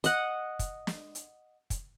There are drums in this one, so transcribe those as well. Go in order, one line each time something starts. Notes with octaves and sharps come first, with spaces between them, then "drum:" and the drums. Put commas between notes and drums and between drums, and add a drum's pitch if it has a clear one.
D#5 F#5, drum: hi-hat
drum: kick, hi-hat
drum: snare
drum: hi-hat
drum: kick, hi-hat